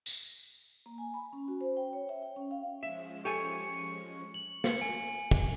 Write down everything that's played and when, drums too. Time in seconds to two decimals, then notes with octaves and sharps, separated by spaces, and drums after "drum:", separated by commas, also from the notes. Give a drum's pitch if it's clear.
0.06 drum: tambourine
0.86 A#3
0.98 G#5
1.14 B5
1.33 C#4
1.48 F#4
1.61 C5
1.77 G5
1.93 C#5
2.09 E5
2.22 G5
2.36 C#4
2.51 F5
2.83 F3 G#3 C#4 E5
3.25 G4 A4 G#5 C#6
4.34 F#7
4.64 C#7, drum: snare
4.81 G#5
5.31 drum: kick